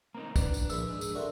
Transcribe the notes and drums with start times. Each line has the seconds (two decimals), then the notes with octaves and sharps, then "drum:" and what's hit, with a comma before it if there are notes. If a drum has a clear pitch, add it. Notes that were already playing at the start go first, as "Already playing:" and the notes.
0.15 A#3 C4 D#4 A#5
0.36 D4 B4, drum: kick, tambourine
0.54 drum: tambourine
0.70 A#1 E4 A#4 B5 E6, drum: tambourine
0.88 G#2 G#4
1.01 drum: tambourine
1.15 C4 F#4 A4 A#4 D5 E5